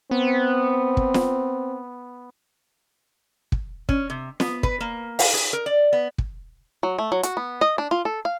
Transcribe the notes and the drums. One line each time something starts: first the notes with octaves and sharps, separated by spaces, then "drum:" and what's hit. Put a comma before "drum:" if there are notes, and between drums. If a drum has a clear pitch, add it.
B3 C4
drum: kick
drum: snare
drum: kick
C#4, drum: kick
C3
B3, drum: snare
B4, drum: kick
A#3
F5, drum: open hi-hat
G#4
A#4
D5
B3
drum: kick
F#3
A3
F#3
F#4, drum: hi-hat
B3
D#5
D4
F4
A4
F5